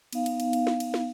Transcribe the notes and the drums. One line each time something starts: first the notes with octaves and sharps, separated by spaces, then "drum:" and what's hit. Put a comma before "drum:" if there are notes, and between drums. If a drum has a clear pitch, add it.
B3 D#4 F5, drum: cymbal
drum: cymbal
drum: cymbal
drum: cymbal
drum: snare
drum: cymbal
drum: snare